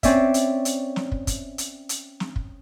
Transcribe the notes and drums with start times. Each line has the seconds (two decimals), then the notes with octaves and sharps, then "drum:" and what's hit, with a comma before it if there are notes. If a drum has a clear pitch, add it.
0.03 C4 C#4 D5 E5, drum: kick, hi-hat
0.34 drum: hi-hat
0.65 drum: hi-hat
0.96 drum: snare
1.12 drum: kick
1.27 drum: kick, hi-hat
1.58 drum: hi-hat
1.89 drum: hi-hat
2.20 drum: snare
2.36 drum: kick